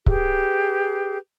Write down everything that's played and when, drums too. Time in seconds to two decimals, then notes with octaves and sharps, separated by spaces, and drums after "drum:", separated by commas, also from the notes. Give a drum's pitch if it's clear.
0.06 G4 G#4 B4, drum: kick C#1